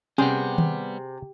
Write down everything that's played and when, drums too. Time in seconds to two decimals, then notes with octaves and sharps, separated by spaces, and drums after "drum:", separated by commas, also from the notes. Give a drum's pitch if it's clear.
0.18 C3 G3 B3 C#4 G#4 G5
0.58 drum: tom D#3